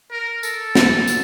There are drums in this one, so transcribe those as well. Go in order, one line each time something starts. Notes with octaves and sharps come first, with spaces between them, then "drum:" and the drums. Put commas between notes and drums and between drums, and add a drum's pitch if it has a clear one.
A#4
A4, drum: tambourine
drum: snare
drum: tambourine